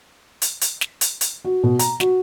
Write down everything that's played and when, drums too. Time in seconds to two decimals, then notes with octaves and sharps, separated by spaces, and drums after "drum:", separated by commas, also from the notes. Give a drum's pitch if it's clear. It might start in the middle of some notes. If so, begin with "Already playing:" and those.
0.42 drum: hi-hat
0.61 drum: hi-hat
0.81 drum: snare
1.01 drum: hi-hat
1.21 drum: hi-hat
1.45 F#4
1.63 B2
1.79 A#5, drum: hi-hat
2.00 F#4, drum: snare